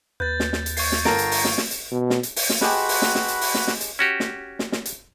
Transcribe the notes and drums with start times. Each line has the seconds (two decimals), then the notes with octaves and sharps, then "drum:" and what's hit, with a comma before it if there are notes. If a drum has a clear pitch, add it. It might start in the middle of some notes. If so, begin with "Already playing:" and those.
0.20 D#2 B4 G6 A6
0.40 drum: snare
0.53 drum: snare
0.66 drum: hi-hat
0.77 C#6 G#6 C7, drum: open hi-hat
0.92 drum: snare
1.05 G1 A4 A#4 A#5 D7, drum: snare
1.18 drum: hi-hat
1.31 drum: open hi-hat
1.45 drum: snare
1.58 drum: snare
1.71 drum: hi-hat
1.91 B2
2.10 drum: snare
2.23 drum: hi-hat
2.36 drum: open hi-hat
2.49 drum: snare
2.61 G#3 F#4 G4 B4 A5 B5, drum: snare
2.89 drum: open hi-hat
3.02 drum: snare
3.15 drum: snare
3.28 drum: hi-hat
3.41 drum: open hi-hat
3.54 drum: snare
3.68 drum: snare
3.81 drum: hi-hat
3.99 C#4 F#4 G4
4.20 drum: snare
4.59 drum: snare
4.72 drum: snare
4.86 drum: hi-hat